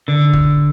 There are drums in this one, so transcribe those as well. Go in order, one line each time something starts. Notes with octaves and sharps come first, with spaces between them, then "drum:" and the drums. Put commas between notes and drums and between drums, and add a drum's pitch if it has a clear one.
D3
drum: kick